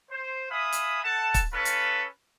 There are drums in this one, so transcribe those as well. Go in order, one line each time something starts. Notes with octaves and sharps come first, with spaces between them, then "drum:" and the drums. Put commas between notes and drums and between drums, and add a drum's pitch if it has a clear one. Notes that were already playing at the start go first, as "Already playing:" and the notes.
C5
E5 F5 G#5 B5 D#6
drum: hi-hat
A4 F#5 A5
drum: kick, hi-hat
C#4 F4 A4 B4
drum: hi-hat